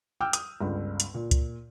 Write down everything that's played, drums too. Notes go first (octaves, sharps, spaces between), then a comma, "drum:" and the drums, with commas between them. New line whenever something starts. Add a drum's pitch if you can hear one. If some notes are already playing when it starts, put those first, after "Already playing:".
G5 D6 E6 F6 G6
D#6, drum: hi-hat
G1 C#2
drum: hi-hat
A#2
drum: kick, hi-hat